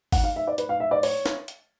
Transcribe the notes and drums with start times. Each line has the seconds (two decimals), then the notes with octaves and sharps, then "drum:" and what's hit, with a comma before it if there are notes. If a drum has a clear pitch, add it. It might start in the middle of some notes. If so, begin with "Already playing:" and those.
0.12 F#5, drum: kick G#1, open hi-hat
0.24 F5
0.36 E5
0.47 D5
0.58 B4, drum: hi-hat
0.69 F5
0.80 E5
0.91 D5
1.03 C#5, drum: open hi-hat
1.26 drum: snare
1.48 drum: hi-hat